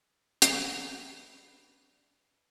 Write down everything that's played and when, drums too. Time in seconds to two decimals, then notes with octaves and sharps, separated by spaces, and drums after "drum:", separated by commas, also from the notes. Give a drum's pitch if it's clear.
0.42 D4 B4, drum: hi-hat